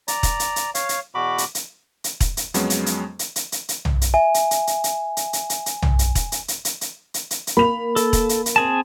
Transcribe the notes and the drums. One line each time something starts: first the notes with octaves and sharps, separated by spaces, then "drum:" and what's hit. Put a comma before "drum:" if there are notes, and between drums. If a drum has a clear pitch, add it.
D5 A#5, drum: hi-hat
drum: kick E1, hi-hat
drum: hi-hat
drum: hi-hat
C#5 F5, drum: hi-hat
drum: hi-hat
E2 B2 F#4 B5 D6
drum: hi-hat
drum: hi-hat
drum: hi-hat
drum: kick E1, hi-hat
drum: hi-hat
F2 F#3 G#3 B3 C#4, drum: hi-hat
drum: hi-hat
drum: hi-hat
drum: hi-hat
drum: hi-hat
drum: hi-hat
drum: hi-hat
drum: tom B1
drum: hi-hat
E5 G#5
drum: hi-hat
drum: hi-hat
drum: hi-hat
drum: hi-hat
drum: hi-hat
drum: hi-hat
drum: hi-hat
drum: hi-hat
drum: tom B1
drum: hi-hat
drum: kick E1, hi-hat
drum: hi-hat
drum: hi-hat
drum: hi-hat
drum: hi-hat
drum: hi-hat
drum: hi-hat
drum: hi-hat
A#3 B5 F7
A4, drum: hi-hat
drum: kick E1, hi-hat
drum: hi-hat
drum: hi-hat
C4 G#4 A5